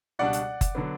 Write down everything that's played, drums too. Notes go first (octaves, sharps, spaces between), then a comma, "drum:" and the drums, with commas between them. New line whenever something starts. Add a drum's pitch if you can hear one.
C#2 B2 G3 D4 D5 F#5
drum: hi-hat
drum: kick F#1, hi-hat
D3 F#3 B3